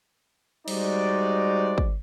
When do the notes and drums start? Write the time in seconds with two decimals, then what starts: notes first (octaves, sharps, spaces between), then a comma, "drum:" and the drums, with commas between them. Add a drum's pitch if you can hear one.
0.68 G3 G#3 D#4 F#4 C5 D5, drum: cymbal
1.78 drum: kick